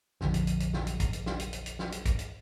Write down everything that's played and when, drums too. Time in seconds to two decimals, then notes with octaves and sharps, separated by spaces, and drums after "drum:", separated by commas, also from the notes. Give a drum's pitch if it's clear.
0.21 F1 A#1 D3 F3, drum: snare
0.34 drum: hi-hat
0.47 drum: hi-hat
0.60 drum: hi-hat
0.74 drum: snare
0.87 drum: hi-hat
1.00 drum: kick, hi-hat
1.13 drum: hi-hat
1.26 drum: snare
1.40 drum: hi-hat
1.53 drum: hi-hat
1.66 drum: hi-hat
1.79 drum: snare
1.92 drum: hi-hat
2.06 drum: kick, hi-hat
2.19 drum: hi-hat